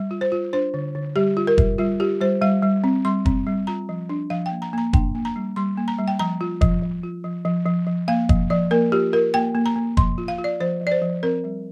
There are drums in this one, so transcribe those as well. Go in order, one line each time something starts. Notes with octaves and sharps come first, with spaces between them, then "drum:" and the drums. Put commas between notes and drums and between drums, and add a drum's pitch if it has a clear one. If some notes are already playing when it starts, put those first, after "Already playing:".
Already playing: G3
F4
C5
F4
D4 C5
D3
D3
G3 G4
F4
A#4
G3, drum: kick
G3 F4
F4 G4
G3 C5
G3 F5
G3
C4
G3 C6
C4, drum: kick
G3
F4 A#5
F3
D4
F3 F5
G5
A#3
A#5
A#3 A#5
D4 G5, drum: kick
A#3
A#5
G3
G3 C6
A#3
A#5
G3
G5
F3 A#5
F4
F3, drum: kick
F3
F4
F3
F3
F3
F3
A#3 F5
F3, drum: kick
F3 D5
A#3 A#4
F4 G4
F4 A#4
A#3 G5
A#3
A#5
A#3
F3 C6, drum: kick
F4
F5
F4
D5
F3 C5
F3
D5
C5
F3
C4 A#4
G3